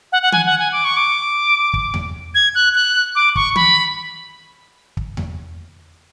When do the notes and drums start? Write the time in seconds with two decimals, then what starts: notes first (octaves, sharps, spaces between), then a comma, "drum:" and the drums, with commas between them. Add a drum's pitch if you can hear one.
0.12 F#5
0.22 F#5
0.32 G#5, drum: tom
0.46 F#5
0.59 G#5
0.72 D6
0.85 C#6
0.97 D6
1.74 drum: kick
1.94 drum: tom E2
2.35 G#6
2.55 F#6
2.75 F#6
3.15 D6
3.36 C#6, drum: kick
3.56 B5, drum: tom
4.97 drum: kick
5.17 drum: tom E2